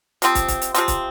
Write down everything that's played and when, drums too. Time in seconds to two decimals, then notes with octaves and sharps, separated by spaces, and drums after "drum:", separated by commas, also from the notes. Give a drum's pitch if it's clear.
0.22 C3 F3 C4, drum: hi-hat
0.35 drum: kick, hi-hat
0.48 drum: kick, hi-hat
0.61 drum: hi-hat
0.74 C3 F3 C4, drum: hi-hat
0.88 drum: kick, hi-hat